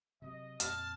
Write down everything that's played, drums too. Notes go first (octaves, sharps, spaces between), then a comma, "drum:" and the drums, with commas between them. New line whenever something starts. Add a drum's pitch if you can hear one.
C3 F#3 D#5
F2 A#2 A5 F6, drum: hi-hat